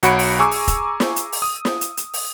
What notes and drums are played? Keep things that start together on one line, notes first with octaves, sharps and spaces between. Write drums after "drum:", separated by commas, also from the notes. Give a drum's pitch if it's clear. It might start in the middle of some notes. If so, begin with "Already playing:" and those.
B1 F#4 C#5 B5 C#7 D7, drum: hi-hat
drum: open hi-hat
G#4 G#5 A#5 C#6 D6 E6
drum: open hi-hat
drum: kick, hi-hat
drum: snare
drum: hi-hat
drum: open hi-hat
D#6
drum: snare
drum: hi-hat
drum: hi-hat
drum: open hi-hat